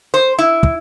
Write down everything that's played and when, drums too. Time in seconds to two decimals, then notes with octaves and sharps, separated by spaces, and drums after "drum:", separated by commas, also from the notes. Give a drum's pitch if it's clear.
0.14 C5
0.39 E4
0.63 drum: kick